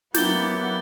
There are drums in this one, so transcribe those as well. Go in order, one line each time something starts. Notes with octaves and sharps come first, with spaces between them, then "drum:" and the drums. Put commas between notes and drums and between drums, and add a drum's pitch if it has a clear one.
F#3 A#3 B3 E4 G4 G6 A6 G7, drum: snare